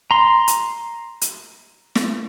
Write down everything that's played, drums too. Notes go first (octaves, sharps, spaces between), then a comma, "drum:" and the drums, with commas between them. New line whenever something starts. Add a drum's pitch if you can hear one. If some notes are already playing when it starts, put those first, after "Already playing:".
A#5 C6
drum: hi-hat
drum: hi-hat
drum: snare